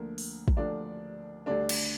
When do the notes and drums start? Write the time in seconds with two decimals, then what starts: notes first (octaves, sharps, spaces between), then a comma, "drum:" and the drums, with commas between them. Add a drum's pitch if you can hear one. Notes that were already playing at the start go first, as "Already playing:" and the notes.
Already playing: D2 D3 F3 A#3 A#4
0.18 drum: open hi-hat
0.48 drum: kick
0.57 D2 D3 F3 D4 D5
1.46 D2 D3 G3 D4 D5
1.69 drum: cymbal